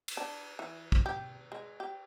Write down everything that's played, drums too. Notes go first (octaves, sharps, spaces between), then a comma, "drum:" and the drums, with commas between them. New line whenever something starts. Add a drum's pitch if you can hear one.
drum: cymbal
D4
E3
drum: kick
G4
G#3
G4